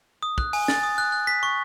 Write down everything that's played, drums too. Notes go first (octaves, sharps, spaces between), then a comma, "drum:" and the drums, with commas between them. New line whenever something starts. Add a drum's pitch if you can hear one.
D#6
F#6, drum: kick
G#5, drum: open hi-hat
A6, drum: snare
D#6
F#6
F#6
B6
C#6